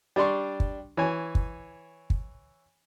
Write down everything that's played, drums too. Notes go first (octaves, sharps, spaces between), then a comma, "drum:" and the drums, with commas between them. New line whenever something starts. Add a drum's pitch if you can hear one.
G3 D4 D5 C6 C#6
drum: kick
E3 C#5 G#5
drum: kick
drum: kick